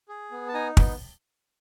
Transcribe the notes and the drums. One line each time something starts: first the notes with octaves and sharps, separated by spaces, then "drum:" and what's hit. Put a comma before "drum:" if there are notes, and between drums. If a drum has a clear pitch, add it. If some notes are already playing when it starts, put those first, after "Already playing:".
G#4
B3
A5
D#4 G#5 A#5
B3, drum: kick